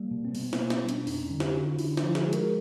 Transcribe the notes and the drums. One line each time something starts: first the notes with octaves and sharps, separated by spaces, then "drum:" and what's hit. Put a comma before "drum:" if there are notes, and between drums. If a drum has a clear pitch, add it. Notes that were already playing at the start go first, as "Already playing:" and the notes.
Already playing: G3 A#3
B2
C4
B2 B3, drum: open hi-hat
A#3 C4, drum: snare
B2
B3 C#4, drum: snare
G3
C4 D4, drum: hi-hat
F2 C#4 D#4, drum: open hi-hat
D3
G4, drum: snare
D3 F#4
F4
D3 D4 E4, drum: open hi-hat
D#4 F4, drum: snare
F3
F#4 G#4, drum: snare
G#3
G#4 A#4, drum: hi-hat